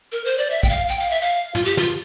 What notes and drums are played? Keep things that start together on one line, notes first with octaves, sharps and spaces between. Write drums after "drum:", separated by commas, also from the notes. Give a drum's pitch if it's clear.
A#4
C5
D5
E5
G5, drum: kick A#1
F5
G5
F5
E5
F5
F4, drum: tom
G4
F4, drum: snare